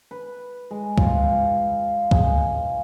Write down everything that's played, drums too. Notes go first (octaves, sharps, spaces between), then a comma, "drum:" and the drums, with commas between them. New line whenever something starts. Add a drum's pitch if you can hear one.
B4
G#3
F4, drum: kick C#2
G#4, drum: kick C#2